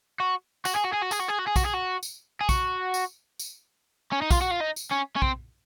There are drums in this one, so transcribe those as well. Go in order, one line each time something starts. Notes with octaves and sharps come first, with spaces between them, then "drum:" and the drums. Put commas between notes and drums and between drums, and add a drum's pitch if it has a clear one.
F#4
F#4, drum: tambourine
G#4
F#4
G#4
F#4
G#4, drum: tambourine
F#4
G#4
F#4
G#4
F#4, drum: kick, tambourine
G#4
F#4
drum: tambourine
G#4
F#4, drum: kick, tambourine
drum: tambourine
drum: tambourine
C#4
D#4
F4, drum: kick, tambourine
F#4
F4
D#4
drum: tambourine
C#4
C#4
C4, drum: kick